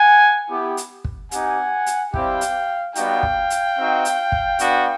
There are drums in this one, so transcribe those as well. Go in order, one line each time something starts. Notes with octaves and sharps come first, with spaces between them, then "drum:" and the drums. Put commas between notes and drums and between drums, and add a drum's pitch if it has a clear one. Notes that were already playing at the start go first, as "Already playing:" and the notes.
Already playing: F#5 G#5
B3 E4 G4
drum: hi-hat
drum: kick
C4 D#4 G4 F#5 G#5, drum: hi-hat
drum: hi-hat
G3 C4 E4 G4 F5 G5, drum: kick
drum: hi-hat
G3 B3 D#4 F#4 F5 G5, drum: hi-hat
drum: kick
drum: hi-hat
C4 D#4 F#4
drum: hi-hat
drum: kick
B3 D4 F#4, drum: hi-hat